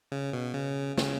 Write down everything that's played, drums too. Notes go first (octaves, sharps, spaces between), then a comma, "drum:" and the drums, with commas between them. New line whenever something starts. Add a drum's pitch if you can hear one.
C#3
B2
C#3
C#3, drum: snare